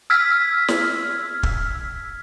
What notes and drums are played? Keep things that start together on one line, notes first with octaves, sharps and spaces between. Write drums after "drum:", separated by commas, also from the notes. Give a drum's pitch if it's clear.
E6 F6 G#6 B6
drum: snare
drum: kick